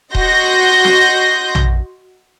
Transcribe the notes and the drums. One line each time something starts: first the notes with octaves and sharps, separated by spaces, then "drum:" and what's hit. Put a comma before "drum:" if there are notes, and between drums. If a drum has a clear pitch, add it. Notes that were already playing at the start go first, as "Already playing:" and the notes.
F#4 D#5 C6 G6 A#6, drum: kick D#1
drum: snare
drum: tom A#1